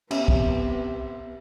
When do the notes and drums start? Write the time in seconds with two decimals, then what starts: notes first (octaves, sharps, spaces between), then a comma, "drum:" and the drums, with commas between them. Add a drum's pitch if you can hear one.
0.11 C3 B3 C#4 E5, drum: cymbal
0.28 drum: kick